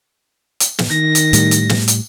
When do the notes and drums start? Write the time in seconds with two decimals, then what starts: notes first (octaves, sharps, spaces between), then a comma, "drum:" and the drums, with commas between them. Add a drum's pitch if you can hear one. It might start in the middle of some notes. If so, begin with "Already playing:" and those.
0.60 drum: hi-hat
0.79 drum: snare
0.91 D#3 A#6
1.15 drum: hi-hat
1.33 A2 G3, drum: hi-hat
1.51 drum: hi-hat
1.69 drum: snare
1.88 drum: hi-hat